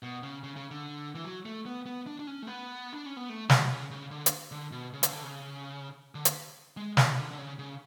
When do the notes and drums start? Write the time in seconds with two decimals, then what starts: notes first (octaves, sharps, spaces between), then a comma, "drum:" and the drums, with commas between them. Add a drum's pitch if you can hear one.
0.03 B2
0.23 C#3
0.44 C#3
0.56 C#3
0.71 D3
1.15 E3
1.24 F#3
1.46 A3
1.66 B3
1.86 B3
2.07 D4
2.19 D4
2.27 C#4
2.42 A3
2.47 B3
2.93 D4
3.06 C#4
3.17 B3
3.29 A3
3.50 F#3, drum: snare
3.70 C#3
3.91 C#3
4.11 D3
4.26 drum: hi-hat
4.52 D3
4.72 B2
4.93 C#3
5.03 D3, drum: hi-hat
5.09 C#3
5.13 D3
5.23 C#3
6.15 D3
6.25 drum: hi-hat
6.77 G#3
6.97 C#3, drum: snare
7.17 D3
7.31 D3
7.38 C#3
7.59 C#3